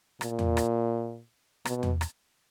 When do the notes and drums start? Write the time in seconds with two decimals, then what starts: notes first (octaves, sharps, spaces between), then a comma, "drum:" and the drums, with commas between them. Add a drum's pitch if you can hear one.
0.21 A#2, drum: rim click
0.39 drum: tom E2
0.57 drum: rim click
1.65 B2, drum: rim click
1.83 drum: tom E2
2.01 drum: rim click